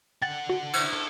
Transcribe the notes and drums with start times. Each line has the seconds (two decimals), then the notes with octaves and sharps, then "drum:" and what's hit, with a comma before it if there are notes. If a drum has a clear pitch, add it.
0.22 D3 F#5 G5 A6
0.49 F#4
0.73 drum: cymbal
0.93 A4